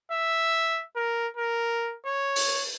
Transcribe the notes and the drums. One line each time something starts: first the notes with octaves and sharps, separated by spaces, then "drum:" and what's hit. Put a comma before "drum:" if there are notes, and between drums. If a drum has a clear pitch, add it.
E5
A#4
A#4
C#5
drum: open hi-hat